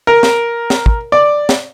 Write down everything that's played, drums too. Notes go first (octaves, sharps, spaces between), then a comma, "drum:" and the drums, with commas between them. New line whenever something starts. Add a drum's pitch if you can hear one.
A#4
drum: snare
drum: snare
drum: kick
D5
drum: snare